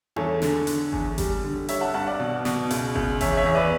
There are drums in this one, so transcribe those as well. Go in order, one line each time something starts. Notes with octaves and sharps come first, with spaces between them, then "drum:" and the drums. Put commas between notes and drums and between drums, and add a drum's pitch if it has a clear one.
E2 A4 C#5, drum: tom D4
D3, drum: snare
D3, drum: hi-hat
E2, drum: kick G1
G3, drum: kick G1, hi-hat
D3
G3 C#5 E5, drum: hi-hat
F#5 A5
G2 F#5 A5
D5 F#5
B2
B2, drum: snare
C#2, drum: hi-hat
C#2, drum: kick G1
E2 C#5 E5, drum: kick G1, hi-hat
C#5 E5
E2
B4 D5